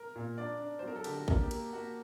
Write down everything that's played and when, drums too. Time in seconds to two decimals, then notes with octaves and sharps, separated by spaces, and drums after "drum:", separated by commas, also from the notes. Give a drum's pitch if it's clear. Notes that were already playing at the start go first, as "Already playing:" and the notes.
Already playing: A#4
0.15 A#2
0.38 D4 D5
0.60 D4
0.79 F#3 C5
0.88 A#4
0.96 A4
1.04 D3 G4, drum: cymbal
1.13 F#4
1.28 A#3, drum: kick A1
1.43 G4
1.51 A#3, drum: cymbal
1.73 A#3 F#4